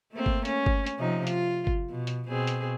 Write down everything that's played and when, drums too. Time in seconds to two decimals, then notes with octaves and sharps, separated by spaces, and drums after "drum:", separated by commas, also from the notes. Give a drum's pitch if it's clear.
0.12 A3 A#3 C4
0.26 drum: kick G1
0.45 C#4, drum: hi-hat
0.66 drum: kick G1
0.86 drum: hi-hat
0.98 C3 F3 D#4
1.27 F4, drum: hi-hat
1.67 drum: kick G1
1.90 B2
2.07 drum: hi-hat
2.28 B2 C4 G#4
2.47 drum: hi-hat